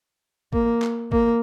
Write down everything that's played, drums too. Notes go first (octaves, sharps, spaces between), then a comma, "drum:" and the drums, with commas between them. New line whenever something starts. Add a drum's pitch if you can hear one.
A#3, drum: kick G#1
drum: clap
A#3, drum: kick G#1